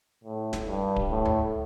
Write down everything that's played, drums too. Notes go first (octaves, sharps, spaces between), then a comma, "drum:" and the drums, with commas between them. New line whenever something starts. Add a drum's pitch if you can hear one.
A2
drum: snare
G2
drum: kick D1
A2
drum: tom D2